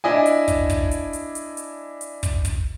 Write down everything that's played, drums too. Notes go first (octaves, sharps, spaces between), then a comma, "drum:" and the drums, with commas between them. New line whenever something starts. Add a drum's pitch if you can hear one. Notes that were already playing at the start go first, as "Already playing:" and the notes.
D4 E4 D#5 G#5
drum: hi-hat
drum: kick, hi-hat
drum: kick, hi-hat
drum: hi-hat
drum: hi-hat
drum: hi-hat
drum: hi-hat
drum: hi-hat
drum: kick, hi-hat
drum: kick, hi-hat